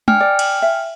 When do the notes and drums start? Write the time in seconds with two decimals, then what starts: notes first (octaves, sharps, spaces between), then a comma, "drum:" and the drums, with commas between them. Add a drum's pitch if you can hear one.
0.08 D4 G5 G#5 F6, drum: tom
0.20 D5
0.39 drum: cymbal
0.62 E5